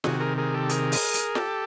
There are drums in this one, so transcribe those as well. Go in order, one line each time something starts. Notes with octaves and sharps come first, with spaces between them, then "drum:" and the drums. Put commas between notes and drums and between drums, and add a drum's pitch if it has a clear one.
C3 D#3 F#4 G#4, drum: snare
G#4 A#4
G#4 A#4
G4 A4
G#4 A#4, drum: hi-hat
drum: open hi-hat
drum: hi-hat
G4 A4, drum: snare